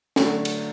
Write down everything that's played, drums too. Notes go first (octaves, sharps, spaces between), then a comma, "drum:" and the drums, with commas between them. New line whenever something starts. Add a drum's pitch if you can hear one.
D3 F#3 A3, drum: snare
drum: cymbal